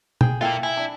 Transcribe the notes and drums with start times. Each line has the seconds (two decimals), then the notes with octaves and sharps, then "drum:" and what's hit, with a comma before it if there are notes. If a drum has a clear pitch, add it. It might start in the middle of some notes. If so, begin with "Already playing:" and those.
0.21 G#4 G5, drum: tom
0.41 A#2 A#3 E4 F4 A4 C5 E5 G5
0.63 E4 G#5
0.77 D4 A5